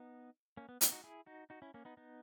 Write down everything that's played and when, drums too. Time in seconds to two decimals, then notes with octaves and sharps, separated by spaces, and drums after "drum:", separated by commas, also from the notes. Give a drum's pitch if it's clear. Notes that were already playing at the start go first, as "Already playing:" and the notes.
Already playing: B3 D#4
0.57 A#3 C#4
0.69 B3
0.81 B3, drum: hi-hat
0.92 D#4 F#4
1.04 E4 G#4
1.26 D#4 F#4
1.50 D#4 F#4
1.62 C#4 E4
1.74 A#3 C#4
1.85 B3 D#4
1.97 B3 D#4